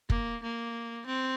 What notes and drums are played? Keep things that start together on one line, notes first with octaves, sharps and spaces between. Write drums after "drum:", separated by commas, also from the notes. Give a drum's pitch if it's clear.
A#3, drum: kick
A#3
C4